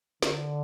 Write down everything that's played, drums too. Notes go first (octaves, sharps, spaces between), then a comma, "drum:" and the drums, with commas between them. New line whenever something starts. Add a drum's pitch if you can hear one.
D3, drum: snare